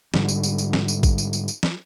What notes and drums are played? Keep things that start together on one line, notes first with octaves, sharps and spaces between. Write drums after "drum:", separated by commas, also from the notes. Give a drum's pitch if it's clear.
G#2 D3 G3, drum: snare
drum: tambourine
drum: tambourine
drum: tambourine
drum: snare
drum: tambourine
drum: kick A1, tambourine
drum: tambourine
drum: tambourine
drum: tambourine
drum: snare